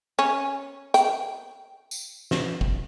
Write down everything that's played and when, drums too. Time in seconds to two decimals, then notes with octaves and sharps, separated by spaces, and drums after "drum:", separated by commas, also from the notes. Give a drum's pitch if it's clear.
0.19 C#4
0.94 G5, drum: hi-hat
1.91 drum: tambourine
2.31 drum: snare
2.61 drum: kick